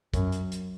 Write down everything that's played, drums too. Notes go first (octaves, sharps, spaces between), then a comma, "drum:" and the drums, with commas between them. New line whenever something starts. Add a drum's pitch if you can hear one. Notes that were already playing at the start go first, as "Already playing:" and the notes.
F#2, drum: kick, hi-hat
drum: hi-hat
drum: hi-hat